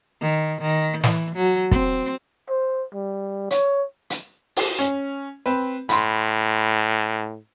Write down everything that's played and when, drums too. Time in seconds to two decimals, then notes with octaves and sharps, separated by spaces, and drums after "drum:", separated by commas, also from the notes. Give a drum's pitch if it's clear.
0.21 D#3
0.61 D#3
1.03 E3, drum: snare
1.35 F#3
1.71 C4, drum: kick
2.49 C5
2.94 G3
3.50 C#5, drum: hi-hat
4.10 drum: hi-hat
4.56 drum: open hi-hat
4.79 C#4
5.46 C4 B4
5.89 A2 B5 C6, drum: hi-hat